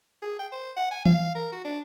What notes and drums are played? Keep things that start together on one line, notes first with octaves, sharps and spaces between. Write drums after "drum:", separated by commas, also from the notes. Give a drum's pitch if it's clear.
G#4
G5
C5
F#5
G#5
F5, drum: tom E3
A#4
F#4
D4